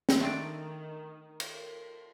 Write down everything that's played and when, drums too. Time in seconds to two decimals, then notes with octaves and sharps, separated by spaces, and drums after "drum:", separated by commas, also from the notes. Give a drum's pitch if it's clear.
0.09 drum: snare
0.20 D#3 A3 C4 D4
1.40 drum: cymbal